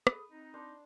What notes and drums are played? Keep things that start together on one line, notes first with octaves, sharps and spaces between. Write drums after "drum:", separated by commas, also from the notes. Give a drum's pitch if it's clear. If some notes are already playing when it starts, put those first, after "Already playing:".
G#4 A4 B4 D#6, drum: rim click
C4 D#4
D4 C5